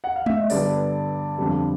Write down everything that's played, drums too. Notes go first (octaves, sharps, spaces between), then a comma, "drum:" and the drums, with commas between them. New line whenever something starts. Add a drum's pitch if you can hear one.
F#5
F5
E5, drum: tom G#3
D#5
G2 D3 G3 B3 D5, drum: open hi-hat
F2 D3 G3